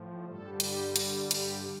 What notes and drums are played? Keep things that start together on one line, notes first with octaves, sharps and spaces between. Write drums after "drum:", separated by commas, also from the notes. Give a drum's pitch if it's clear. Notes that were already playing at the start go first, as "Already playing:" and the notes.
Already playing: A2 F3
G2 D3 G3 A4
G4, drum: hi-hat
drum: hi-hat
G4, drum: hi-hat